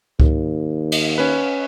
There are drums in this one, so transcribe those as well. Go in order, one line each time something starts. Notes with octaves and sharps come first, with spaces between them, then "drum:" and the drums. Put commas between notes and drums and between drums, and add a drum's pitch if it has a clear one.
D#2, drum: kick C#2
drum: cymbal
C#4 B4